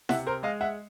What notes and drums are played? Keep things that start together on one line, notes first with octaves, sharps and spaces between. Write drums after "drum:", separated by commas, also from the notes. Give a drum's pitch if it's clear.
C3 E5 F#5, drum: snare E4
A#4 C5
G#3 D#5 F5
E5 F#5